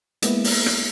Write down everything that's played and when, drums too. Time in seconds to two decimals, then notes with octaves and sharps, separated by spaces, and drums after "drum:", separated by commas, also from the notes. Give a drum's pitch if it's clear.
0.22 G#3 A#3 B3 E4, drum: hi-hat
0.44 drum: open hi-hat
0.66 drum: rim click